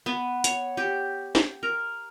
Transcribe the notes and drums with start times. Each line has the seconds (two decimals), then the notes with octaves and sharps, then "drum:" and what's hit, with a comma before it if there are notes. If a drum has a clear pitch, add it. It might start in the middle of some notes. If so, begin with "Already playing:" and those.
0.06 B3
0.44 C#5, drum: hi-hat
0.77 G4
1.35 drum: snare
1.63 A#4